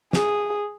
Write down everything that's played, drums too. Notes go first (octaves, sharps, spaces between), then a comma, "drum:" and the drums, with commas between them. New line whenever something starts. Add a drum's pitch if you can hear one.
G#4, drum: snare